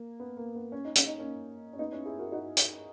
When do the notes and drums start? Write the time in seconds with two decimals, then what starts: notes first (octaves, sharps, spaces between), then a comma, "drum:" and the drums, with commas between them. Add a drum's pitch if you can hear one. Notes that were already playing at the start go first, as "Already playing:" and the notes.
Already playing: A#3
0.20 B3
0.37 A#3
0.55 B3
0.72 C#4
0.85 D#4
0.95 C#4, drum: hi-hat
1.07 D#4
1.18 A#3 C#4
1.73 C#4
1.79 B3 D#4
1.92 C#4 E4
2.05 E4 G#4
2.19 F#4 A#4
2.32 D#4 F#4
2.57 drum: hi-hat